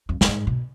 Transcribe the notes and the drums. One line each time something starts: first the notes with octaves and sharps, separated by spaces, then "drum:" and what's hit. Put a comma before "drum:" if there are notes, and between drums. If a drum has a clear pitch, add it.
F2
F#2, drum: snare
G#2
B2